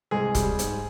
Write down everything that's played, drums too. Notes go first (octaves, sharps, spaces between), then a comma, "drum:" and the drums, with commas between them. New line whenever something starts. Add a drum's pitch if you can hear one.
C2 G#3 G#4
G3, drum: kick, hi-hat
G#2, drum: hi-hat